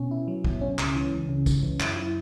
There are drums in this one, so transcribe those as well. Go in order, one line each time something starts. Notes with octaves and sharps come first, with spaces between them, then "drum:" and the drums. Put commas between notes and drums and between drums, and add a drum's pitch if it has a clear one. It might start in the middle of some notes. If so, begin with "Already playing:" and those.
Already playing: B2 B3 C#4
E4
F#3
B2, drum: kick
C#4
C#2, drum: clap
E3
C#2
C#3
C#2, drum: kick, tambourine
E3
F#2, drum: clap
E4